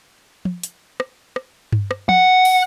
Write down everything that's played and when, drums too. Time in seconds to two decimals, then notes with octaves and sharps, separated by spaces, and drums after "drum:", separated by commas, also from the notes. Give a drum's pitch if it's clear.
0.45 drum: tom
0.63 drum: hi-hat
1.00 drum: rim click
1.36 drum: rim click
1.72 drum: tom G2
1.91 drum: rim click
2.09 F#5, drum: tom
2.45 drum: open hi-hat